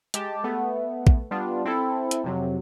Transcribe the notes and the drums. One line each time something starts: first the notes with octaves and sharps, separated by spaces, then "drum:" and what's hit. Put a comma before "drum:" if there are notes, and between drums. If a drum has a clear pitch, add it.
G#3 G4 A5, drum: hi-hat
A3 B3
drum: kick
G3 B3 D4 F4
C4 E4 A4
drum: hi-hat
F2 C3 F#3